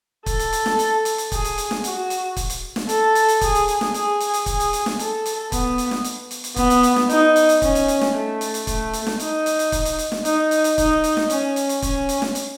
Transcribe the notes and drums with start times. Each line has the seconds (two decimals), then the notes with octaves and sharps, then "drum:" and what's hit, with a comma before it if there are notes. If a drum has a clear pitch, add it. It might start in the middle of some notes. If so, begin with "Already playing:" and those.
0.26 A4, drum: kick, hi-hat
0.39 drum: hi-hat
0.53 drum: hi-hat
0.66 drum: snare
0.79 drum: hi-hat
1.05 drum: hi-hat
1.18 drum: hi-hat
1.32 G#4, drum: kick, hi-hat
1.45 drum: hi-hat
1.58 drum: hi-hat
1.71 drum: snare
1.84 F#4, drum: hi-hat
2.10 drum: hi-hat
2.36 drum: kick, hi-hat
2.50 drum: hi-hat
2.76 drum: snare
2.89 A4, drum: hi-hat
3.15 drum: hi-hat
3.28 drum: hi-hat
3.41 G#4, drum: kick, hi-hat
3.55 drum: hi-hat
3.68 drum: hi-hat
3.81 drum: snare
3.94 G#4, drum: hi-hat
4.20 drum: hi-hat
4.34 drum: hi-hat
4.46 G#4, drum: kick, hi-hat
4.60 drum: hi-hat
4.73 drum: hi-hat
4.86 drum: snare
4.99 A4, drum: hi-hat
5.26 drum: hi-hat
5.52 B3, drum: kick, hi-hat
5.78 drum: hi-hat
5.91 drum: snare
6.04 drum: hi-hat
6.31 drum: hi-hat
6.44 drum: hi-hat
6.56 B3, drum: kick, hi-hat
6.70 drum: hi-hat
6.83 drum: hi-hat
6.96 drum: snare
7.10 D#4, drum: hi-hat
7.36 drum: hi-hat
7.49 drum: hi-hat
7.62 C#4, drum: kick, hi-hat
7.75 drum: hi-hat
7.88 drum: hi-hat
8.01 drum: snare
8.14 A3
8.41 drum: hi-hat
8.54 drum: hi-hat
8.67 A3, drum: kick, hi-hat
8.93 drum: hi-hat
9.07 drum: snare
9.19 D#4, drum: hi-hat
9.46 drum: hi-hat
9.59 drum: hi-hat
9.72 drum: kick, hi-hat
9.85 drum: hi-hat
9.99 drum: hi-hat
10.12 drum: snare
10.25 D#4, drum: hi-hat
10.51 drum: hi-hat
10.64 drum: hi-hat
10.78 D#4, drum: kick, hi-hat
11.04 drum: hi-hat
11.17 drum: snare
11.30 C#4, drum: hi-hat
11.56 drum: hi-hat
11.69 drum: hi-hat
11.82 C#4, drum: kick, hi-hat
12.09 drum: hi-hat
12.22 drum: snare
12.35 drum: hi-hat